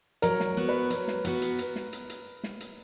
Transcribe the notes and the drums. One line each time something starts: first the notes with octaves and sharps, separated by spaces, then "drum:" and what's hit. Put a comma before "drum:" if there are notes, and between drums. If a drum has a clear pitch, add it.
F#3 A#4, drum: hi-hat
drum: snare
B3 F#4
B4
F#3, drum: hi-hat
drum: snare
B3 F#4, drum: hi-hat
drum: hi-hat
drum: hi-hat
drum: snare
drum: hi-hat
drum: hi-hat
drum: snare
drum: hi-hat